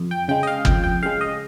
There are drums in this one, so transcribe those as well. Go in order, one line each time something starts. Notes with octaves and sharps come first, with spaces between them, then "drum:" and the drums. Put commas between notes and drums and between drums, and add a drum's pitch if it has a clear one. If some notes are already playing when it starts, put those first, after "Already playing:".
Already playing: F2
G5
C#3 G#3 G5
D#5
F5
F2 G5, drum: kick G1
G5
C#3 G#3 F5
D#5